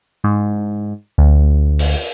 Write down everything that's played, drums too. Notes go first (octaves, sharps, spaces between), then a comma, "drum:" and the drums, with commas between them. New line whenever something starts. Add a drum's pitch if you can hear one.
G#2
D2
drum: open hi-hat